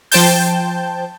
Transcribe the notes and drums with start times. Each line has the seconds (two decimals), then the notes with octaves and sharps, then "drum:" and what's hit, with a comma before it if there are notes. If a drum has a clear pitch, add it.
0.12 F3 C5 G5 A5 G6, drum: open hi-hat